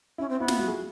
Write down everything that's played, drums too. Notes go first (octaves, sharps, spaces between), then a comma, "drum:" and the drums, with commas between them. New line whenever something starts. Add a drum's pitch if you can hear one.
C#4 E4
C4
B3 E4
F4, drum: snare
F#4
G#4